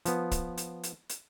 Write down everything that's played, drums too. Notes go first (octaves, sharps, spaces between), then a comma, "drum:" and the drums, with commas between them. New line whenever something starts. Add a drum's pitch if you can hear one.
F3 B3, drum: hi-hat
drum: kick, hi-hat
drum: hi-hat
drum: hi-hat
drum: hi-hat